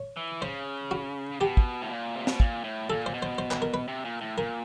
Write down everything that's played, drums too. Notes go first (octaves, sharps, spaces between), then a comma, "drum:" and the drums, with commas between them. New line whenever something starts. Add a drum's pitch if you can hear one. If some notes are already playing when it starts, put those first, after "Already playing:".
Already playing: C#5
E3
C#3 C5
F#4
B2 G4
drum: kick
A2
A#2
C3
B2, drum: snare
A#2, drum: kick
A2
A#2 A4
C5
B2
C5
C5
B4, drum: clap
A#4
B4
C3
A#2
A2
A#2 A#4